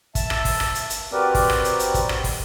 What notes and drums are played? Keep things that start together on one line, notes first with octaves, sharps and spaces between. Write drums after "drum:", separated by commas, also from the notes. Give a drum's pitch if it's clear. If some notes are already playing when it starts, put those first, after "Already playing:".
E5 A5, drum: kick, hi-hat
drum: rim click
drum: kick, open hi-hat
drum: rim click
drum: hi-hat
drum: hi-hat
C4 F#4 G4 A#4 B4 D5
drum: kick, open hi-hat
drum: rim click
drum: hi-hat
drum: hi-hat
drum: kick, hi-hat
drum: rim click
drum: kick, open hi-hat